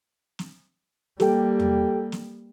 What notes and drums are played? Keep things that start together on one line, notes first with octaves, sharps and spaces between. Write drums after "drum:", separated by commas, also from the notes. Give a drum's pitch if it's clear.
drum: snare
G3 A#3 G4 A4 G5, drum: snare
drum: tom E2
drum: snare